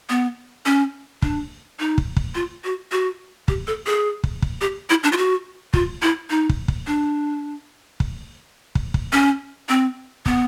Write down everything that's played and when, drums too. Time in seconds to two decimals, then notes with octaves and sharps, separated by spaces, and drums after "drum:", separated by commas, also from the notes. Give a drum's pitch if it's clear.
0.09 B3
0.66 C#4
1.22 D4, drum: kick
1.79 D#4
1.98 drum: kick
2.17 drum: kick
2.35 F4
2.64 F#4
2.92 F#4
3.48 G4, drum: kick
3.67 A4
3.86 G#4
4.24 drum: kick
4.42 drum: kick
4.61 G4
4.90 E4
5.03 D4
5.12 F4
5.17 F#4
5.74 F4, drum: kick
6.02 E4
6.30 D#4
6.49 drum: kick
6.68 drum: kick
6.87 D4
8.00 drum: kick
8.75 drum: kick
8.94 drum: kick
9.13 C#4
9.69 C4
10.26 B3, drum: kick